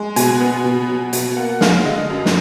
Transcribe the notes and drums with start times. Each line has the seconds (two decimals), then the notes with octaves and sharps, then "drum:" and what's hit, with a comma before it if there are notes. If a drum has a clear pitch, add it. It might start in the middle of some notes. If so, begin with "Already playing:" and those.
Already playing: G#3
0.16 B2 G#5, drum: hi-hat
0.40 B3
0.64 B2
0.88 F#3
1.13 B2, drum: hi-hat
1.36 A#3 F#5
1.61 G#3 F5, drum: snare
1.85 D3 D#5
2.10 F#2
2.26 drum: snare